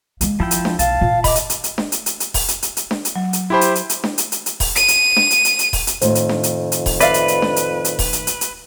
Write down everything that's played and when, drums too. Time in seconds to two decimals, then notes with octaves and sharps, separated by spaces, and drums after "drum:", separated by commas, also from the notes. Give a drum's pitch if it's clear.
0.21 G#3 A#3, drum: hi-hat
0.40 F3 E4 F4 G5
0.51 drum: hi-hat
0.65 drum: snare D4
0.79 B1 F5 A5, drum: hi-hat
1.01 A#2 F4
1.24 D#5 B5 D6, drum: kick D#1, open hi-hat
1.35 drum: hi-hat
1.50 drum: hi-hat
1.64 drum: hi-hat
1.78 drum: snare D4
1.92 drum: hi-hat
2.06 drum: hi-hat
2.20 drum: hi-hat
2.34 drum: kick D#1, open hi-hat
2.48 drum: hi-hat
2.62 drum: hi-hat
2.77 drum: hi-hat
2.91 drum: snare D4
3.05 drum: hi-hat
3.16 F#3
3.33 drum: hi-hat
3.50 E4 G4 C5 A5 B5 C6
3.61 drum: hi-hat
3.75 drum: hi-hat
3.89 drum: hi-hat
4.04 drum: snare D4
4.18 drum: hi-hat
4.32 drum: hi-hat
4.46 drum: hi-hat
4.60 drum: kick D#1, open hi-hat
4.76 D#7, drum: hi-hat
4.88 drum: hi-hat
5.16 drum: snare D4
5.31 drum: hi-hat
5.45 drum: hi-hat
5.59 drum: hi-hat
5.73 drum: kick D#1, open hi-hat
5.87 drum: hi-hat
6.01 F2 A2 D#3 C5, drum: hi-hat
6.15 drum: hi-hat
6.29 drum: snare D4
6.43 drum: hi-hat
6.72 drum: hi-hat
6.86 drum: kick D#1, open hi-hat
7.00 B4 D5 E5 F5, drum: hi-hat
7.14 drum: hi-hat
7.28 drum: hi-hat
7.42 drum: snare D4
7.56 drum: hi-hat
7.85 drum: hi-hat
7.99 drum: kick D#1, open hi-hat
8.13 drum: hi-hat
8.27 drum: hi-hat
8.41 drum: hi-hat